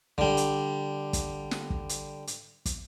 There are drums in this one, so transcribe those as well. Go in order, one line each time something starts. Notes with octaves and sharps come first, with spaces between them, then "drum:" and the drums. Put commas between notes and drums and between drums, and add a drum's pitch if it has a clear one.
D3 G3, drum: kick
drum: hi-hat
drum: kick, hi-hat
drum: snare
drum: kick
drum: hi-hat
drum: hi-hat
drum: kick, hi-hat